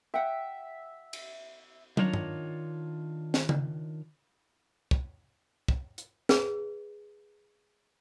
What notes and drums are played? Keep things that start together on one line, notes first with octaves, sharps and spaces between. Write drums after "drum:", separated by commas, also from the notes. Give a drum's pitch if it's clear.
E5 F#5 G5
drum: cymbal
D#3 D4 F4 C#5 A#5, drum: tom
drum: tom G2
drum: snare
drum: tom C#3
drum: kick
drum: kick
drum: hi-hat
G#4 B4, drum: snare